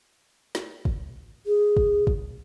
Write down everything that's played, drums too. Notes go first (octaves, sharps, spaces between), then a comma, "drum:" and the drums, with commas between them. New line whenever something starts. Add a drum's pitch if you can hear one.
drum: snare
drum: kick
G#4
drum: kick
drum: kick